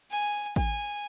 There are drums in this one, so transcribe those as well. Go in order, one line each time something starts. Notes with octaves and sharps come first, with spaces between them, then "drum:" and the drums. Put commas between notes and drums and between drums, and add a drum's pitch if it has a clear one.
G#5
G#5, drum: kick A1